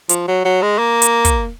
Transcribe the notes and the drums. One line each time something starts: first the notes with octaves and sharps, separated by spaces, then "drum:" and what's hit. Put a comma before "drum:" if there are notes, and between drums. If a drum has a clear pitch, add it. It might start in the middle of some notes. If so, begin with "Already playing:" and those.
F3, drum: hi-hat
F#3
F#3
G#3
A#3
drum: hi-hat
drum: kick, hi-hat